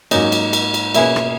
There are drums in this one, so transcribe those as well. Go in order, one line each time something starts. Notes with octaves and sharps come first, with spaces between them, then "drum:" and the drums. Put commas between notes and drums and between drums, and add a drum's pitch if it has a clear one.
G#2 F#3 A#3 C#4 D#4, drum: cymbal
drum: cymbal
drum: cymbal
drum: cymbal
B2 A#3 C#4 E4 G#4 B4, drum: cymbal
drum: rim click